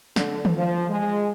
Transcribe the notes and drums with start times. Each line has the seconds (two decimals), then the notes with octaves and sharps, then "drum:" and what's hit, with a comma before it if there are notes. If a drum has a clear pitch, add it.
0.16 D3, drum: snare
0.45 drum: tom D#3
0.56 F3
0.89 G#3